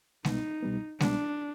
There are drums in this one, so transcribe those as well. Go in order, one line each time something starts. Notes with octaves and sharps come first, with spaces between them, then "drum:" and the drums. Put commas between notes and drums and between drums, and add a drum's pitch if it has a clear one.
C2 B2 G3 B3 D#4, drum: snare G#3
C2 B2 G3 B3
C2 B2 G3 B3 D4, drum: snare G#3